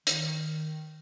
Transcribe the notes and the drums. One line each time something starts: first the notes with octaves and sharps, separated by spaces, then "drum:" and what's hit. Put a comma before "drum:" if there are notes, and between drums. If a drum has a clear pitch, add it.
D#3, drum: hi-hat